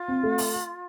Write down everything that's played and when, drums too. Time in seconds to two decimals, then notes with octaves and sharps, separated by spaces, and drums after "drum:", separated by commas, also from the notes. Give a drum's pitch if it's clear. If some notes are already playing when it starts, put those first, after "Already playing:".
Already playing: F4
0.08 C4
0.23 A3
0.38 drum: open hi-hat